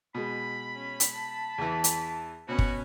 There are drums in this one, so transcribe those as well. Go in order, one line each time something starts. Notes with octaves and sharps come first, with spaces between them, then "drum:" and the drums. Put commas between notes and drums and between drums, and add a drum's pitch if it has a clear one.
B2 G#3 B5
C#4
drum: hi-hat
A5
E2 E3
drum: hi-hat
B2 B3 C#4 F#4
drum: kick